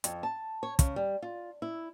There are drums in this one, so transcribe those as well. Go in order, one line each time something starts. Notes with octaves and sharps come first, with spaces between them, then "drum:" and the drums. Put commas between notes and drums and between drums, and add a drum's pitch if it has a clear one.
F2, drum: hi-hat
A5
C#5
C#3, drum: kick, hi-hat
G3
F4
E4